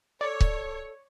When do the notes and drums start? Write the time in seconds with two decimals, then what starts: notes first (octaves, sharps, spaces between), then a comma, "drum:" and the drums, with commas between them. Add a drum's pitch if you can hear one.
0.21 A4 C#5 D5
0.41 drum: kick C#1